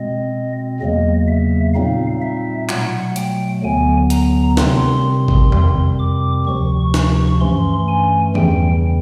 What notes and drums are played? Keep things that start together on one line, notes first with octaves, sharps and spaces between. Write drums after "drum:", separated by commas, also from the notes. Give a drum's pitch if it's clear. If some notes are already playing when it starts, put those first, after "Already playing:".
Already playing: B2 G#3 C4 D#5
E2 C#3 F#3 A#3 D#5
E5
A#2 G3 C4 D#4 F5
E5
B2 F#3 A3 F#5, drum: clap
G5, drum: hi-hat
D2 D3 F#3 B3 G#5
A#5, drum: hi-hat
C3 D#3 G3 C4 C6, drum: snare
drum: kick
F2 C3 D#3 G3 C4, drum: tom E2
D6
D2 C3 F3 C#6
C#6, drum: snare
G2 E3 A3 C#4 C6
G#5
E2 C#3 E3 G3 G5, drum: tom E3